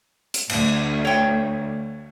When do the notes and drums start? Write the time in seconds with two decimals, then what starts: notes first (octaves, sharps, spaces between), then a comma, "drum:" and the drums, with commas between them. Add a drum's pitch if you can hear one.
0.34 drum: hi-hat
0.49 D2, drum: cymbal
1.05 C#5 G5